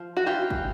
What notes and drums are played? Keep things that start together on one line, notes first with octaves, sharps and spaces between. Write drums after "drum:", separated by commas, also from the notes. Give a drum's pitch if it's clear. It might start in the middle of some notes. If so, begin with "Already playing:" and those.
Already playing: F3
F#4
E3 F4 G4
drum: kick